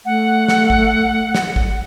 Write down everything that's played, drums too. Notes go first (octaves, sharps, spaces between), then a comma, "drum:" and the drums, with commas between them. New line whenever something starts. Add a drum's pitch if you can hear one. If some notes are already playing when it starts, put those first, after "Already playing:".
A3 F#5
drum: snare
drum: kick
drum: snare
drum: kick